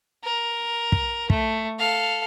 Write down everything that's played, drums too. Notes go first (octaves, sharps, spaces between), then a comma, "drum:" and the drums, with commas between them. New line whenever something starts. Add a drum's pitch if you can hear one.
A#4
drum: kick
A3, drum: kick
A4 F5